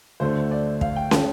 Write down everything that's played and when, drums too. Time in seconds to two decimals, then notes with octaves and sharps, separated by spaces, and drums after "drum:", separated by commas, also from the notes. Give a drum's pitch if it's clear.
0.20 D2 D3 A3 C5
0.51 D5
0.81 F5, drum: kick
0.96 G5
1.11 A5, drum: snare